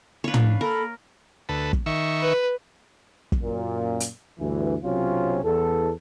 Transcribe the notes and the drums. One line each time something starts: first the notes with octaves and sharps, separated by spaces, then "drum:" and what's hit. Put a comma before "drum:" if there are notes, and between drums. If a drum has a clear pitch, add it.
D4 B4 C#5 F5
drum: tom
A#3 A4 A#4 B5
D2 A4 B4
drum: kick
D#3 E5 C#6
B4
drum: kick
F#2 A#2
drum: hi-hat
D2 G2 E3
B1 C3 F#3 C4 C#4 F4
E2 A4